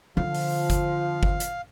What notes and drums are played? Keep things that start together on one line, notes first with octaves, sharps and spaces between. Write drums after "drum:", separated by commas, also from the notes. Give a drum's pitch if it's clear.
D3 F3 F5
drum: open hi-hat
drum: kick G1, hi-hat
drum: kick G1
drum: hi-hat